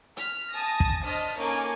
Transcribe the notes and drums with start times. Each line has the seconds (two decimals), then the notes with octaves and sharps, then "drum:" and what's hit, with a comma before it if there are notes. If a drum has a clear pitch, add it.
0.17 F6 B6, drum: hi-hat
0.53 G#5 A5 D#6 A#6
0.80 drum: kick
1.03 D4 C5 D#5 A5 F6 B6
1.38 A#3 C#4 D#4 A4 G#5 D6